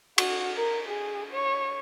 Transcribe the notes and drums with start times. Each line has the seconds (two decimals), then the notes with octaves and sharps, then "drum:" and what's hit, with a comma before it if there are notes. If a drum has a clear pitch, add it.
0.18 F#4, drum: cymbal
0.57 A#4
0.88 G#4
1.33 C#5